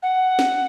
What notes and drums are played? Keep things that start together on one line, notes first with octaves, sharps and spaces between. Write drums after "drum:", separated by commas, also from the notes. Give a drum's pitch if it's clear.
F#5
drum: snare